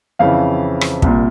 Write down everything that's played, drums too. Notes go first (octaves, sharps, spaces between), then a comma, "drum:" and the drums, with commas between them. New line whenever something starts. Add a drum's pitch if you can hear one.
F2 C#3 E3 F5
drum: rim click
C2 A#2, drum: kick